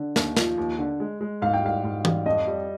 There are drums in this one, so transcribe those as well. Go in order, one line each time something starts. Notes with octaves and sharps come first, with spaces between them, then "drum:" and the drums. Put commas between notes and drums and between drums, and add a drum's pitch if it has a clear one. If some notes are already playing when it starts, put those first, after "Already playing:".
Already playing: D3
D#2, drum: snare
F3, drum: snare
D#2
D3
G#3
G#3
G#2 F5
G5
G3 F5
G#2
G3, drum: tom E3
F2 D#5
G3